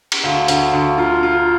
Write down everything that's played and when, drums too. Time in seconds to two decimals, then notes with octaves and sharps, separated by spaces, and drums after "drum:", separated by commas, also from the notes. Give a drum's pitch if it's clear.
0.12 drum: cymbal
0.24 D2 F5
0.48 D2, drum: hi-hat
0.73 D2
0.98 F4 A#5
1.23 F4